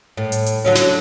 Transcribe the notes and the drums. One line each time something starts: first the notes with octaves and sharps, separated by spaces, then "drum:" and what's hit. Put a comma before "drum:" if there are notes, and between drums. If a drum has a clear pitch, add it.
A2
drum: hi-hat
drum: hi-hat
D3 F#3 C#4
drum: snare